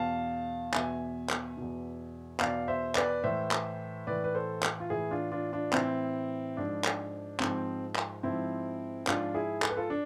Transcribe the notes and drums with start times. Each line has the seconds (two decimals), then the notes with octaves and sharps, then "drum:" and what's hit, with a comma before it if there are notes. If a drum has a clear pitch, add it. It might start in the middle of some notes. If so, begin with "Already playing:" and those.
Already playing: E2 B2 F5 A5
0.73 E2 B2 E5 G#5, drum: clap
1.29 drum: clap
1.57 E2 B2
2.40 E2 B2 D5 F5, drum: clap
2.68 C5 E5
2.95 B4 D5, drum: clap
3.23 A2 E3 C5 E5
3.51 drum: clap
4.07 A2 E3 B4 D5
4.24 B4
4.35 A4 C5
4.62 drum: clap
4.80 F4
4.90 A2 E3 E4 G#4
5.11 D4 F4
5.32 D4 F4
5.53 D4 F4
5.73 A2 E3 C4 E4, drum: clap
6.57 G#2 F3 D4
6.85 drum: clap
7.40 G#2 F3 C4, drum: clap
7.96 drum: clap
8.23 G#2 F3 C4 E4
9.07 G#2 F3 D4 F4, drum: clap
9.34 E4 G#4
9.62 A4, drum: clap
9.70 B4
9.77 F4 A4
9.90 D4